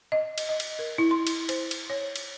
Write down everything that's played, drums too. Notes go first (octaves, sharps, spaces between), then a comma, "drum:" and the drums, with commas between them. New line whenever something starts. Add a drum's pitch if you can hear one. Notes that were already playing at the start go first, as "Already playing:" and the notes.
D#5
drum: cymbal
D#5
drum: cymbal
A#4
E4
C6
drum: cymbal
C5, drum: cymbal
drum: cymbal
C#5
drum: cymbal